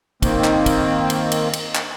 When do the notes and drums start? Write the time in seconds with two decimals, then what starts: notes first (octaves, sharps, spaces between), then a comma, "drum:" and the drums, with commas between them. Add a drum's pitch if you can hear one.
0.22 D#3 A#3 C4, drum: kick, cymbal
0.44 drum: clap
0.66 drum: kick, cymbal
1.10 drum: cymbal
1.32 drum: cymbal
1.53 drum: cymbal
1.75 drum: clap